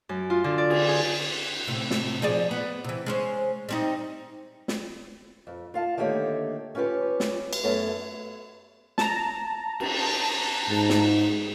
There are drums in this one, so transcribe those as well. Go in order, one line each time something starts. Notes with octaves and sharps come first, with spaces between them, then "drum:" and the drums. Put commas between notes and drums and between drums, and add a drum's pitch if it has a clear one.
F#2
F4
D3
D5
G#4, drum: cymbal
G#4
A2 C3
drum: snare
F3 G#4 D5
B3
C3 E3
G#3 C#4 C5
G3 C4 D#4
drum: snare
F2
F4 F5 A5
D3 D#3 A3 A#3 G4 C#5
C#4 F4 G4 B4 C#5
drum: snare
drum: cymbal
F#2 A3 B3 C#4
A5 A#5, drum: snare
drum: cymbal
G#2
drum: snare